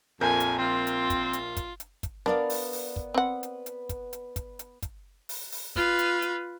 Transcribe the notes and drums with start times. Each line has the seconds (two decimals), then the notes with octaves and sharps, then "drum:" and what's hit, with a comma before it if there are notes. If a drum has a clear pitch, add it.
0.21 A#1 F2 A#4 G#5 G6
0.40 drum: hi-hat
0.59 C4 F4
0.87 drum: hi-hat
1.10 drum: kick, hi-hat
1.33 drum: hi-hat
1.57 drum: kick, hi-hat
1.80 drum: hi-hat
2.03 drum: kick, hi-hat
2.26 B3 D4 A#4 D5 F5
2.50 drum: open hi-hat
2.73 drum: open hi-hat
2.96 drum: kick
3.14 C4 B4 F#5
3.43 drum: hi-hat
3.66 drum: hi-hat
3.89 drum: kick, hi-hat
4.13 drum: hi-hat
4.36 drum: kick, hi-hat
4.59 drum: hi-hat
4.82 drum: kick, hi-hat
5.29 drum: open hi-hat
5.52 drum: open hi-hat
5.76 F4 B4, drum: kick
5.99 drum: hi-hat
6.22 drum: hi-hat